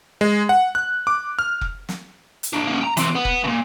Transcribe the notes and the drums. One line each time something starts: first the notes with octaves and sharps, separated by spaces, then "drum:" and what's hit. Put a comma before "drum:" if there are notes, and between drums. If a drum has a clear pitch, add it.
G#3
F#5
F#6
D6
F6
drum: kick F1
drum: snare
drum: hi-hat
A#3 D4
A#3 C#4
G5 A#5
E3 C4, drum: hi-hat
B3
drum: kick F1
A#2 C#3